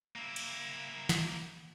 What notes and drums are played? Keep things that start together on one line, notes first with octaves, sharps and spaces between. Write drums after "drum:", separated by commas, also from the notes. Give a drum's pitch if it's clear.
A#3 E4
drum: cymbal
drum: snare